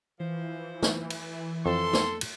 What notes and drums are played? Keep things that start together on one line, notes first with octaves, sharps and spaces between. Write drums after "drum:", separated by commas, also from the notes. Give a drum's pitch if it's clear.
E3 F3 C5
drum: snare
drum: cymbal
F2 A4 C6
drum: snare
drum: cymbal